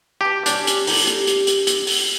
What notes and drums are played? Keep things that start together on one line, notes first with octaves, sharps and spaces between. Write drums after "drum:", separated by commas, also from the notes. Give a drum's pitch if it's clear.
G4 B4 A5
G3 B3 C#4 D4, drum: hi-hat
drum: hi-hat
G4 A#4, drum: open hi-hat
drum: hi-hat
drum: hi-hat
drum: hi-hat
drum: hi-hat
drum: open hi-hat